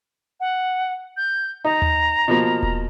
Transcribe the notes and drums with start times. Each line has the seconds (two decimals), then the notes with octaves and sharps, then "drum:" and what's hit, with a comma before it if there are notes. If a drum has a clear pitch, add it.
0.40 F#5
1.17 G6
1.65 D#4 A#5
1.82 drum: tom D#2
2.28 B2 F3 A#3
2.63 drum: kick D#1